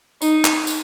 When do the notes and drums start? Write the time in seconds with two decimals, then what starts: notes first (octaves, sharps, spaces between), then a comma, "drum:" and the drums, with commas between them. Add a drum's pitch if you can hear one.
0.22 D#4, drum: tambourine
0.45 drum: clap
0.67 drum: tambourine